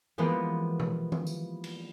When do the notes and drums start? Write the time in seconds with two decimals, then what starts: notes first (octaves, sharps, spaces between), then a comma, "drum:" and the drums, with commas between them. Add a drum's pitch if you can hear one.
0.18 E3 F3 G#3 A#3 B3 G4
0.80 drum: tom B2
1.12 drum: tom D#3
1.27 drum: tambourine
1.64 drum: cymbal